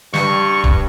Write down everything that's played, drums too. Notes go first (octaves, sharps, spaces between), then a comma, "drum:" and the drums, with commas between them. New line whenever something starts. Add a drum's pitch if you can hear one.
G2 G3 C#6, drum: snare
drum: kick D#1